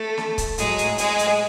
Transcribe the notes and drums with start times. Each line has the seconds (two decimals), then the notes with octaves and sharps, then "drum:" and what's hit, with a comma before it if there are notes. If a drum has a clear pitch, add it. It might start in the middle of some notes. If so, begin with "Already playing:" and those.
Already playing: A3 A4
0.18 drum: snare
0.38 drum: kick C#1, hi-hat
0.58 A2 F#3 G#3 G#4, drum: hi-hat
0.78 drum: hi-hat
0.98 G#3 G#4, drum: hi-hat
1.19 drum: hi-hat